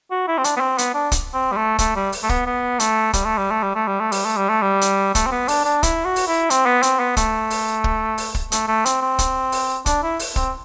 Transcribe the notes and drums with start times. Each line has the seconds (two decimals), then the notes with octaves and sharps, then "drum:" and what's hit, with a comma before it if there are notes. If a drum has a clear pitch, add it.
0.11 F#4
0.28 E4
0.38 C4
0.44 D4, drum: hi-hat
0.57 B3
0.61 C4
0.78 B3, drum: hi-hat
0.95 D4
1.12 drum: kick, hi-hat
1.34 C4
1.52 G3
1.57 A3
1.79 A3, drum: kick, hi-hat
1.96 G3
2.12 drum: open hi-hat
2.23 A3
2.29 B3, drum: kick
2.46 B3
2.80 A3, drum: hi-hat
3.13 G3, drum: kick, hi-hat
3.25 A3
3.38 G3
3.51 A3
3.63 G3
3.75 A3
3.88 G3
4.00 A3
4.12 G3, drum: open hi-hat
4.24 A3
4.37 G3
4.49 A3
4.62 G3
4.81 drum: hi-hat
5.15 A3, drum: kick, hi-hat
5.26 C4
5.32 B3
5.48 D4, drum: open hi-hat
5.65 D4
5.83 E4, drum: kick, hi-hat
6.05 F#4
6.16 drum: open hi-hat
6.28 E4
6.50 C4, drum: hi-hat
6.66 B3
6.83 C4, drum: hi-hat
7.00 B3
7.17 A3, drum: kick, hi-hat
7.50 drum: open hi-hat
7.84 drum: kick
8.18 drum: open hi-hat
8.34 drum: kick
8.52 A3, drum: hi-hat
8.68 A3
8.86 C4, drum: hi-hat
9.02 C4
9.19 drum: kick, hi-hat
9.52 drum: open hi-hat
9.86 D4, drum: kick, hi-hat
10.03 E4
10.19 drum: open hi-hat
10.36 C4, drum: kick